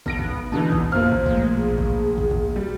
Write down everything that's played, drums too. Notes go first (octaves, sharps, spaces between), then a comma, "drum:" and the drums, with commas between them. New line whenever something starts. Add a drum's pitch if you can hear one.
B1 B3 A#6 D7, drum: kick
drum: kick
B2 D3 E3 D#4
drum: kick
F#2 A#2 A#3 C5 F6
drum: kick
B2 F3 G#3 A3, drum: kick
A#1 G#4
drum: kick
drum: kick
drum: kick
G3 C4 F#4